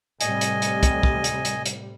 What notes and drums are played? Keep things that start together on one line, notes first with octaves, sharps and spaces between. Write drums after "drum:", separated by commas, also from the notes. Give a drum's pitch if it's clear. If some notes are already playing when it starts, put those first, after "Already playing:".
A2 C3 G3 D#5 G#5, drum: hi-hat
drum: hi-hat
drum: hi-hat
drum: kick, hi-hat
drum: kick
drum: hi-hat
drum: hi-hat
drum: hi-hat